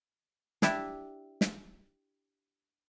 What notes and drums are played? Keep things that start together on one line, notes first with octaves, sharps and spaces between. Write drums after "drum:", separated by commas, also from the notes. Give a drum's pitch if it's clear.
D4 E4 G4 E5, drum: snare
drum: snare